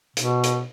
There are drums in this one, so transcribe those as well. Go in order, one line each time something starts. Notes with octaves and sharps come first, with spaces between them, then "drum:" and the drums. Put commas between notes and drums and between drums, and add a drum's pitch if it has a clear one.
B2, drum: hi-hat
drum: hi-hat